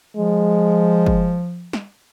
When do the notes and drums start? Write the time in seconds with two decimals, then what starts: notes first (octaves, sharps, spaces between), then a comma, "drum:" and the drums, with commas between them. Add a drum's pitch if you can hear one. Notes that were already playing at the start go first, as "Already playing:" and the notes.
0.17 F3 G#3
1.06 drum: kick
1.73 drum: snare